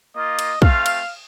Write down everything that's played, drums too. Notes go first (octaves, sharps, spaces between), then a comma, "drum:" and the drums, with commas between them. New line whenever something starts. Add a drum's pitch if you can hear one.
A#3 F4 D#5
drum: cymbal
A3 C4 F4 F5, drum: kick
drum: cymbal